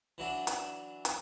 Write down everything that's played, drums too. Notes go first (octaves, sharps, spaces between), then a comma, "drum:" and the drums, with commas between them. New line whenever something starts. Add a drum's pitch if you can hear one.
E3 F#3 D4
drum: hi-hat
drum: hi-hat